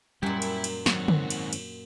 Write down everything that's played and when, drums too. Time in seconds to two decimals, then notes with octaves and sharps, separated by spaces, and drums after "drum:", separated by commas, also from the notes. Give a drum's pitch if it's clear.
0.23 F#2 A#2 G3 E4 G5 G#5
0.42 drum: cymbal
0.64 drum: cymbal
0.86 G#2 D#3 F#3 C4 F#4 C#5, drum: snare
1.08 drum: tom
1.30 drum: cymbal
1.53 drum: cymbal